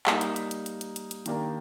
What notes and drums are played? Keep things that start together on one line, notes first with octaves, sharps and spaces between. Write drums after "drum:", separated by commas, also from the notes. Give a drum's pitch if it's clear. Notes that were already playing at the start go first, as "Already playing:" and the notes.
G3 A#3 D#4, drum: clap
drum: hi-hat
drum: hi-hat
drum: hi-hat
drum: hi-hat
drum: hi-hat
drum: hi-hat
drum: hi-hat
D#3 A#3 D4 G4 A#4, drum: hi-hat